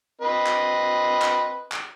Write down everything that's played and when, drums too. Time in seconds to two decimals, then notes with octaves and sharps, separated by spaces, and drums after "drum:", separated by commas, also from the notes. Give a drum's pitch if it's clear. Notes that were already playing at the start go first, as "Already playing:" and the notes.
0.21 C4 B4 D#5
0.46 drum: clap
1.22 drum: clap
1.72 drum: clap